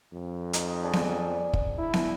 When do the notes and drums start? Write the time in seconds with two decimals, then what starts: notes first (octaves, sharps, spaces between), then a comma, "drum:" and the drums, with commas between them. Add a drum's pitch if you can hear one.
0.13 F2
0.53 D#4, drum: hi-hat
0.84 D4 G#4 D5
0.93 drum: snare B3
1.53 drum: kick
1.78 E4
1.94 drum: snare B3